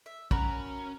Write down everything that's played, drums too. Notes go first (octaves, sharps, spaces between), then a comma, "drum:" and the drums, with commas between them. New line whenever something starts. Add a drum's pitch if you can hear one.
E5
C#4 F#4 A#4 B5, drum: kick